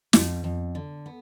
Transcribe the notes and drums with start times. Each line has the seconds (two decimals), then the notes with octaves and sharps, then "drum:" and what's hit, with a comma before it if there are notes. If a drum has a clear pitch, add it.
0.13 F2, drum: snare
0.44 F2
0.75 D3
1.06 B3